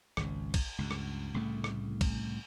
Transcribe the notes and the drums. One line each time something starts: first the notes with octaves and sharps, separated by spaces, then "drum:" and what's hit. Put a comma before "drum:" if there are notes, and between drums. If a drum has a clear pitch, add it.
G#1 C#2, drum: rim click
drum: kick, cymbal
C#2 G2
drum: rim click
C2 A2 C#3 A3
drum: rim click
drum: kick, cymbal